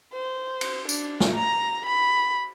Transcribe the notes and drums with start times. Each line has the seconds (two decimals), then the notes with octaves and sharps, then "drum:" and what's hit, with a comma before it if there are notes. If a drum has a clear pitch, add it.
0.13 C5
0.61 drum: cymbal
0.89 D4, drum: tambourine
1.20 drum: snare
1.34 A#5
1.86 B5